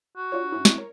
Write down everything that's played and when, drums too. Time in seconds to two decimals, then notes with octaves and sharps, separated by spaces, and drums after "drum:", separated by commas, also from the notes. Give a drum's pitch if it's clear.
0.16 F#4
0.32 D4 F4 C#5
0.52 G#2 C#4 E4
0.65 C4 E4, drum: snare
0.78 A#4 C#5